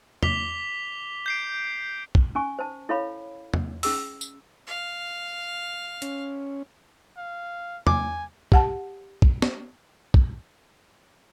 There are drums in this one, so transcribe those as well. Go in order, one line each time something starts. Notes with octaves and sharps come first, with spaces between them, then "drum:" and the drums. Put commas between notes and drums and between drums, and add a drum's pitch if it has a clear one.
D6 B6 F7 G7, drum: tom
G6 C7 D7
drum: kick
C#4 G#5 C#6
C5 A5
E4 A4 C#5 F5 B5
drum: tom
C#4 G#4 E6, drum: open hi-hat
drum: tambourine
F5
C#4, drum: hi-hat
F5
G#5 D6, drum: tom
G4 F#5 A5, drum: kick
drum: kick
drum: snare
drum: kick